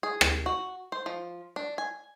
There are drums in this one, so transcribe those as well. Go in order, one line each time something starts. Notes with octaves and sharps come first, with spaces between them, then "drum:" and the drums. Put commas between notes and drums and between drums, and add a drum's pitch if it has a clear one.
G#4
drum: rim click
F#4
C5
F3
D4
G#5